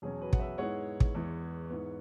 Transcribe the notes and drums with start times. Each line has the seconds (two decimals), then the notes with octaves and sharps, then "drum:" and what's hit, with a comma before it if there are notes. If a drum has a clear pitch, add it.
0.02 E2 B2 F#3 C#4 G#4
0.21 F#4 B4
0.33 F#5, drum: kick
0.39 B4 E5
0.58 G#2 G#3 B3 E4 C#5 F#5
1.00 drum: kick
1.15 E2 E3 G#3
1.70 G#2 E3 B3